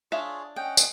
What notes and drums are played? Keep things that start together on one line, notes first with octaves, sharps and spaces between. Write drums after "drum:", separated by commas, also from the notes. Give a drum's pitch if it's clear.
D4 F4 G#4 C#5 E5 F5
C#4 D#5 F#5 G5
drum: tambourine